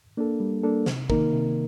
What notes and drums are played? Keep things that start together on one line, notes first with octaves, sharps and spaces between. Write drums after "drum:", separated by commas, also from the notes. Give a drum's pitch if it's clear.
A#3 D4 A4
G3
A#3 D4 A4
C3, drum: snare
D#3 A#3 D#4 A#4, drum: kick
C3